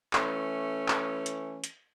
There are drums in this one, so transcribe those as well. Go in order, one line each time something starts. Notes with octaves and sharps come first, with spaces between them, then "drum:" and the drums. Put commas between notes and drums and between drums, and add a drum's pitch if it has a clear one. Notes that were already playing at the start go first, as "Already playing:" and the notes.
E3 A3 C#4, drum: clap
drum: clap
drum: hi-hat
drum: hi-hat